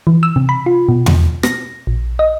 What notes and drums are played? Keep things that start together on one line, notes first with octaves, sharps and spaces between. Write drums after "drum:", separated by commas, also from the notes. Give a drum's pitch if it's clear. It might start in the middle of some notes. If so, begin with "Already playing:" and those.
E3
E6
C3
B5
F4
B2
drum: tom E2
A#6, drum: rim click
A#1
D#5